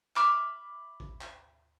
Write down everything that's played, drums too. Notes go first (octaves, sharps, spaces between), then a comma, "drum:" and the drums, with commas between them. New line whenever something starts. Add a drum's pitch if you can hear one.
E5 B5 D6 F6, drum: clap
drum: kick A1
drum: clap